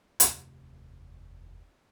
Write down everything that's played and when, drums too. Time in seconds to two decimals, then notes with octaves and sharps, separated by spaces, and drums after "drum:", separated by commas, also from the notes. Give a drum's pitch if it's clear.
0.20 F1 D#2, drum: hi-hat